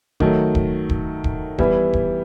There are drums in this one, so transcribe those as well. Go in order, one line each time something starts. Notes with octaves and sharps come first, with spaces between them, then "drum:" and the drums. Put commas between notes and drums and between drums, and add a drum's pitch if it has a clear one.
D#3 F#3 A3, drum: kick
drum: kick
drum: kick
drum: kick
E3 G3 B3 E4, drum: kick
drum: kick